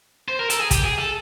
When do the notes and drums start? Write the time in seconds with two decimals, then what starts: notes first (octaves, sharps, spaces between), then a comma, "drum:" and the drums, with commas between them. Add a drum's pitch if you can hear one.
0.28 C5
0.39 A#4
0.50 A4, drum: hi-hat
0.60 G#4
0.71 G4, drum: kick, hi-hat
0.84 G#4
0.99 A4